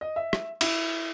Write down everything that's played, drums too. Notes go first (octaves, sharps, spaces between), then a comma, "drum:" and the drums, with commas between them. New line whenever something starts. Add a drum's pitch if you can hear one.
D#5
E5
drum: rim click
E4, drum: cymbal